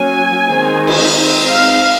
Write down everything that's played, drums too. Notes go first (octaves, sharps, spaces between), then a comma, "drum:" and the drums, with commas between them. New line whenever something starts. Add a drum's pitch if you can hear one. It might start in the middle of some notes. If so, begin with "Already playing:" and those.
Already playing: F#3 A#3 C#4 G#5
D#3 G#3 C4 D#4
drum: cymbal
G#3 C4 D#4
F5